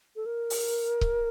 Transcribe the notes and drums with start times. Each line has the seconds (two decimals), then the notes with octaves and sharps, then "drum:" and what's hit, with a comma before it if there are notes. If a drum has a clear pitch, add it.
0.16 A4
0.26 A#4
0.50 drum: open hi-hat
1.01 drum: kick C#1